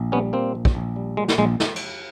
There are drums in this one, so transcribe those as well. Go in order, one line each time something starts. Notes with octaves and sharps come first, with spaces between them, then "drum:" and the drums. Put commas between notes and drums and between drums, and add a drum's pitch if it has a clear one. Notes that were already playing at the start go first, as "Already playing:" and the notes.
Already playing: A#1
G3 B3 C#4
A#2 A#3 C4
A#1
drum: kick
A#1
G3
A#2 G#3
drum: snare
A#1 G#3
drum: snare
drum: cymbal